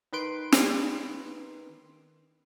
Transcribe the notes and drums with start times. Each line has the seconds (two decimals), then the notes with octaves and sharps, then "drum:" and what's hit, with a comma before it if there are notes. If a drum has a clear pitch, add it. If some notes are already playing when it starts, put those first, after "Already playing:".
0.13 D#3 B4 C6 D7
0.52 drum: snare